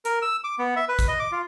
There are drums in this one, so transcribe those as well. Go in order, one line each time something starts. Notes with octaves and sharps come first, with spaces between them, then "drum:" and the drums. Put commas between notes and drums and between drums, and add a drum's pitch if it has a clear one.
A#4, drum: hi-hat
E6
D6
B3
E5
B4
drum: kick A1, hi-hat
D#5
D6
F4